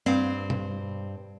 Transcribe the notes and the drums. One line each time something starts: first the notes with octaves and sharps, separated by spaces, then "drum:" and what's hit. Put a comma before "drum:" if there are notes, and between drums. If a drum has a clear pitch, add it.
G2 C4 F5
drum: tom B2